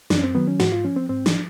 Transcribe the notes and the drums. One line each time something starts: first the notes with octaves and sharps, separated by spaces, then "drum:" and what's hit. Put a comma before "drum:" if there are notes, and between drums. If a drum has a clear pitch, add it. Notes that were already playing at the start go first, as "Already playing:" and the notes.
F#2 D4, drum: snare
C#4
C4
D#3 F#3 B3
C#4
G#2 F#4, drum: snare
F4
F3 C#4
C4
G#2 C4
D4, drum: snare
F3